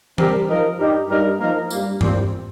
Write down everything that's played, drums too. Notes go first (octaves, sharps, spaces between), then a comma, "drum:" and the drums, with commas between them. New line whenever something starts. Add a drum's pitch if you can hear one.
G3 C4 G4 A#4, drum: tom E3
F3 D#4 A#4
G2 G3 D#4 G4 A#4
G2 G3 D#4 A#4
F3 A#3 D#4 A#4
G2 G3 A#3, drum: tambourine
A#2 G3 C4, drum: tom G2